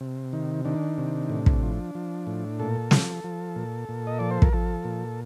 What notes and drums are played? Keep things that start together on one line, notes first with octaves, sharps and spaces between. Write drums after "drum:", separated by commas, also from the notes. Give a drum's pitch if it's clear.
C3
D#3
D#3 D4
C3
A2
drum: kick
F3
F3
A2
A#2 A4
F3, drum: snare
F3
A#2
A#2
D#5
F3 D5
C5
A#4, drum: kick
F3 A4
A#2